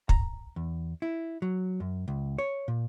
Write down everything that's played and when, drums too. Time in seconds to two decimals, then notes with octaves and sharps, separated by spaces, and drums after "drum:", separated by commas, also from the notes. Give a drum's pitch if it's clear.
0.09 A#5, drum: kick
0.56 E2
1.02 E4
1.42 F#3
1.80 F#2
2.08 C#2
2.38 C#5
2.68 A#2